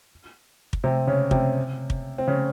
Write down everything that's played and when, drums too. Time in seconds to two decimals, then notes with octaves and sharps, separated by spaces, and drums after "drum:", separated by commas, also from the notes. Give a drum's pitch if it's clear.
0.73 drum: kick
0.84 C3 C4
1.07 C#3 C#4
1.31 C3 C4, drum: kick
1.90 drum: kick
2.18 C4
2.28 C#3 C#4